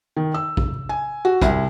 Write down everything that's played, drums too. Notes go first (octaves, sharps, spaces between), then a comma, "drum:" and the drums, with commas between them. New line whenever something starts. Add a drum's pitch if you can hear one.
D#3
E6
drum: kick A#1
G#5
F#4
C2, drum: kick A#1, hi-hat